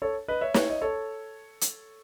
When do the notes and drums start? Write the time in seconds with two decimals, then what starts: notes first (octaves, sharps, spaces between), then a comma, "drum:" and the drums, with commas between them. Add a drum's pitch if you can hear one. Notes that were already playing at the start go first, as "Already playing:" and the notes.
0.02 A4 C#5
0.28 B4 D#5
0.41 C#5 E5
0.54 C#5 E5, drum: snare
0.70 D#5
0.82 A4 C#5
1.61 drum: hi-hat